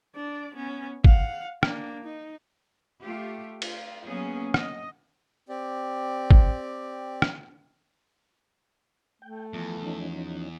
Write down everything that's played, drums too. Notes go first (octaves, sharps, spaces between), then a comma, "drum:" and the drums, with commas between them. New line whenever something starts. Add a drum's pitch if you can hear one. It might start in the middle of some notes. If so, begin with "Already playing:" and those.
D4 D5
B3 C#4
F5 F#5, drum: kick
A#3 D4, drum: rim click
D#4
A3 F4 G4
F4, drum: cymbal
F#3 A#3 B3 C#4 G#4
D#5, drum: rim click
C4 G4 D5
drum: kick
drum: rim click
A3 G5
E2 F3
F3 C#4 D#4